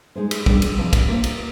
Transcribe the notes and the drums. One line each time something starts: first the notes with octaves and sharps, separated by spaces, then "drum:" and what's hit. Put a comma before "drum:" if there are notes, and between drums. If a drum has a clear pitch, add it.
G#3 D#4 G#4 C5
drum: cymbal
G3 D4 G#4 D5, drum: kick
drum: cymbal
C3 F3 C4 F4
drum: kick, cymbal
A#3 D4 F4 C5
drum: cymbal